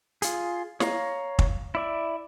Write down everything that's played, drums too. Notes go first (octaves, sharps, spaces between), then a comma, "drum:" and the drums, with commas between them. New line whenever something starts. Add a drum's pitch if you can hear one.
F4 G#4, drum: hi-hat
C#5 F5 A#5, drum: snare
drum: kick
E4 D5 E5